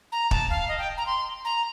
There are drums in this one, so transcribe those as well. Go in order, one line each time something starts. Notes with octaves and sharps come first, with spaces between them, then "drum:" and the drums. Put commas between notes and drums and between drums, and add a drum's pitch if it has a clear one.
A#5
A5, drum: kick
F5
D#5
G5
A#5
C6
A#5